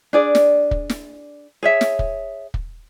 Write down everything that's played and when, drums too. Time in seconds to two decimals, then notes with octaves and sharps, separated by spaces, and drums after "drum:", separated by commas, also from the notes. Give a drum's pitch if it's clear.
0.13 D4 G#4 D5
0.35 drum: snare
0.71 drum: kick
0.90 drum: snare
1.63 G#4 C#5 E5
1.81 drum: snare
1.99 drum: kick
2.54 drum: kick